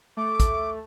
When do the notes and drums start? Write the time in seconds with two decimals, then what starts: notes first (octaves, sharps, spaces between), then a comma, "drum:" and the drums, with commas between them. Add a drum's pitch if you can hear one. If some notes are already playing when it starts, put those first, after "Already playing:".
0.17 A3 D6
0.40 drum: kick, hi-hat